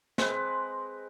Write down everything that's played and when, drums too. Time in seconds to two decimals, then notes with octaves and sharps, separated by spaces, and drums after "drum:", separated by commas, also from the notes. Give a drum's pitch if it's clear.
0.18 G#3 C4 B4 D#5, drum: snare